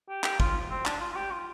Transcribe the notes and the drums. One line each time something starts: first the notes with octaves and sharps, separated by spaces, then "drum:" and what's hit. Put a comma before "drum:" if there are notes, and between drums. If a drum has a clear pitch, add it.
G4
G4, drum: clap
F4, drum: kick
C4
D4, drum: clap
F4
F4
G4
F4